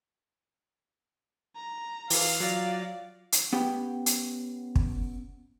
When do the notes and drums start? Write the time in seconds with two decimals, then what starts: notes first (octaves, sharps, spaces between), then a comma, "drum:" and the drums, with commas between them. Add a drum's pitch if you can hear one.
1.55 A#5
2.10 E3 F5, drum: open hi-hat
2.40 F#3 F4 D5
3.32 drum: hi-hat
3.53 B3 C#4 G4 G5
4.06 drum: hi-hat
4.75 drum: kick